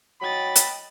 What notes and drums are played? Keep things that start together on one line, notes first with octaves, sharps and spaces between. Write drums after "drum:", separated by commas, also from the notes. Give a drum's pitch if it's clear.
F#3 D#5 G5 B5 A6
drum: hi-hat